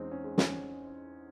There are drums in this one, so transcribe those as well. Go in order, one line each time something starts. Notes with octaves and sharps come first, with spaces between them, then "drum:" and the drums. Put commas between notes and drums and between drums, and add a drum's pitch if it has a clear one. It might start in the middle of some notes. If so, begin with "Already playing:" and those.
Already playing: E2 G#3 C4 C#4 D#4
C#4
G#3
C#4, drum: snare